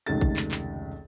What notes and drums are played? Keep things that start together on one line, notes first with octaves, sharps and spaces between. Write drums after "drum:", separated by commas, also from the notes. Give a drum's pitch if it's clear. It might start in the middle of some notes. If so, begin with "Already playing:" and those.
F1 C#2 D#3 A3 G4 A6
drum: kick A#1
drum: clap
drum: clap